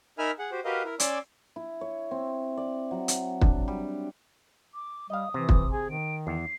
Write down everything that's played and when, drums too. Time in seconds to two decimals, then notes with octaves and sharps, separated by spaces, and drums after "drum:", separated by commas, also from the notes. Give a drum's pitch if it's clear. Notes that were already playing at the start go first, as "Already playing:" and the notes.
0.18 D#4 A#4 E5 G#5 B5 F6
0.39 G#4 F#5
0.51 F#4 G4 C5
0.65 F#4 G4 A#4 B4 D#5 F5
0.84 E4 A#4
1.00 C#4 D5 G#5 C6 D6 E6, drum: hi-hat
1.56 E4
1.81 C#5
2.11 C4
2.57 D5
2.91 F#3
3.08 drum: hi-hat
3.41 D4, drum: kick
3.68 G3
4.74 D6
5.10 G3 D#5 F5 D#6
5.34 C3 E3
5.49 drum: kick
5.71 G#4 G#5
5.89 D#3 D7
6.27 E2 C7